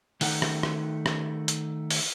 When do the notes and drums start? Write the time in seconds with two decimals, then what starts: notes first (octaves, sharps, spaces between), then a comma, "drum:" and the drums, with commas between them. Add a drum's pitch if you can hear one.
0.21 D#3 A3 D#4 F#5, drum: open hi-hat
0.42 drum: rim click
0.63 drum: rim click
1.06 drum: rim click
1.48 drum: hi-hat
1.90 drum: open hi-hat